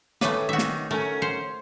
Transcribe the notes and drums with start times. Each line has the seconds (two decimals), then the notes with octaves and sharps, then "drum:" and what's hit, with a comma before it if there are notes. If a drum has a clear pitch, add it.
0.21 A2 C#3 A3 B4 C#5 C#6 D6, drum: snare
0.49 D#3 F#4 E5
0.58 drum: snare
0.91 A3 C#4 F#4 A#4
1.22 C5 C#7